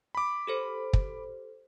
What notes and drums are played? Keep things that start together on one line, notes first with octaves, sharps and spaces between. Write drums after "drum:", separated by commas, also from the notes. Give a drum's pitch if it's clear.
B5 D6
G4 A4 C5
drum: kick